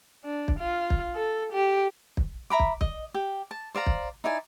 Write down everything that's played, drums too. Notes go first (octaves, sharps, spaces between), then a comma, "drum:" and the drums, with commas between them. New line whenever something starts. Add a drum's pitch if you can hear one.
D4
drum: kick
F4
drum: kick
A4
G4
drum: kick
E5 A#5 B5 D6
drum: kick
D#5, drum: kick
G4
A5
C5 D5 F5 A#5
drum: kick
D#4 E4 D5 G#5